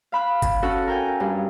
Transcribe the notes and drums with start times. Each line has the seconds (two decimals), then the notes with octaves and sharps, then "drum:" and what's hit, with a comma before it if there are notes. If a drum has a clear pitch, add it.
0.12 F5 B5 F#6
0.42 drum: kick G1, hi-hat
0.62 C#4 F#4 A4 F#6
0.88 A#4 G5 G#5
1.20 G2